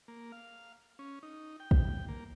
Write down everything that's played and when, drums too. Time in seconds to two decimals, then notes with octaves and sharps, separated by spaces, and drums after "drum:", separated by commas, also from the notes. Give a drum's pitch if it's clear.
0.08 A#3
0.32 F5
0.99 C#4
1.23 D#4
1.60 G5
1.71 drum: kick
2.08 A#3